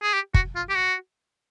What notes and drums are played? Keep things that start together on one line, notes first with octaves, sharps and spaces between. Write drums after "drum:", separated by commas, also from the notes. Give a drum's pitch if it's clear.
G#4
G4
F#4, drum: kick
F4
G4
F#4